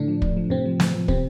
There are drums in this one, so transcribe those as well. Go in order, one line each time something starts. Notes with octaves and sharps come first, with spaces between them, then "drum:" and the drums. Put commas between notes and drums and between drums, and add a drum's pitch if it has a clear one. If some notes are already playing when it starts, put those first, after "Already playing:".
Already playing: A2 D3 D4
F3
A2, drum: kick
F3
A2 C3 C4
F3
A2, drum: snare
F3
C3 C4, drum: kick